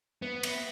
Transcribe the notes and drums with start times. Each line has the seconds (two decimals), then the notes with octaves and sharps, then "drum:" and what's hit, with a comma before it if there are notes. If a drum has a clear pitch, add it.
0.22 B3
0.43 drum: cymbal